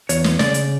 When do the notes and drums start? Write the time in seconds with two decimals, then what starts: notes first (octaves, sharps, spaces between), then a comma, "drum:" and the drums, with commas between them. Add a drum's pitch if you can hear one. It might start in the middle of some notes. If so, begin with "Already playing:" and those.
0.09 E2 C#5, drum: hi-hat
0.24 drum: snare
0.39 C#3 D5, drum: snare
0.54 drum: hi-hat